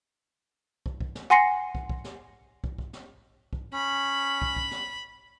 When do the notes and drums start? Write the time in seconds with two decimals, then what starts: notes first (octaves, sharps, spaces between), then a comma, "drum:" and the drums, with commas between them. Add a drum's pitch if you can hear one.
0.86 drum: kick
1.00 drum: kick
1.15 drum: snare
1.30 F#5 G#5 C6 A#6 C7 C#7
1.75 drum: kick
1.89 drum: kick
2.04 drum: snare
2.64 drum: kick
2.78 drum: kick
2.93 drum: snare
3.53 drum: kick
3.73 C#4 B5
4.42 drum: kick
4.56 drum: kick
4.71 drum: snare